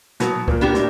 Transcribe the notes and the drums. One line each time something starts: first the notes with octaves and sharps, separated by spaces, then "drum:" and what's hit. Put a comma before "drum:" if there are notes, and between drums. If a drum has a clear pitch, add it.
B2 F#3 B3, drum: snare
A#2 A#3, drum: kick C#2
B3 D4 G4 A#4
A2, drum: snare